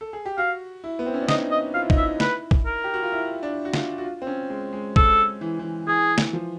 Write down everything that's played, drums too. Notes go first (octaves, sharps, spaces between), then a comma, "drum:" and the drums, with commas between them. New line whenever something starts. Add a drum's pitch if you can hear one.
A4
G#4
G4
F#4 F5
E4
B3
C4
C#4
D4
D#4 D#5, drum: snare
D#5
F4 F5
E4
D#4, drum: kick
E4 E5
B4, drum: snare
drum: kick
A#4
G4
F#4
F4
E4
D4
F#4
F4, drum: snare
F#4
F4
C4
C#4
G#3
G#3
A4, drum: kick
E3
E3
E3 G#4
drum: snare
F3